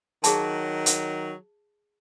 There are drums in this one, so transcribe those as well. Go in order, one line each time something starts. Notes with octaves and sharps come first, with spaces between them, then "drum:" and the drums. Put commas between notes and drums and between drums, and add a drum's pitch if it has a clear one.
D#3 F#3 G#4 A5, drum: hi-hat
drum: hi-hat